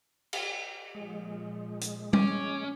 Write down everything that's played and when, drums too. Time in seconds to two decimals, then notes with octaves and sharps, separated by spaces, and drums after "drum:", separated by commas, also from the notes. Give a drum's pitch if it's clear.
0.33 drum: cymbal
0.95 A#2 F3 G#3
1.81 drum: hi-hat
2.13 C#4 D6, drum: tom G3